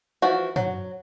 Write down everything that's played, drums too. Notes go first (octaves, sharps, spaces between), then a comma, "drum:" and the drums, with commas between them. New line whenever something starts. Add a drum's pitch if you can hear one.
E3 F3 F#4
F#3, drum: tom